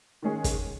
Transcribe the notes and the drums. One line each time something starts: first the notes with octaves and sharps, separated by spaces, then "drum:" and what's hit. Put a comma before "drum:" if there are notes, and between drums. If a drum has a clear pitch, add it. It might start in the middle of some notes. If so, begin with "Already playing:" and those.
D#3 G#3 C#4 G#4
drum: kick, hi-hat